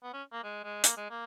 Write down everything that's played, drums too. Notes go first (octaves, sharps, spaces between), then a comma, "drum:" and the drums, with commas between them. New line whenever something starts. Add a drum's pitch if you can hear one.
B3
C#4
A#3
G#3
G#3
A#3, drum: hi-hat
G#3
A#3